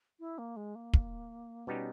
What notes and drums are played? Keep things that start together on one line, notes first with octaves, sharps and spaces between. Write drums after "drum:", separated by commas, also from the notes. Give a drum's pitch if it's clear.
E4
A#3
G#3
A#3
drum: kick
B2 G3 B3 C#4 D#4 G4